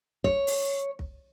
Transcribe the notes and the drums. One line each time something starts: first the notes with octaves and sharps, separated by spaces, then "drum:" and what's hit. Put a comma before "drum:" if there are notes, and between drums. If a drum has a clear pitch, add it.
C#5, drum: kick
drum: open hi-hat
drum: kick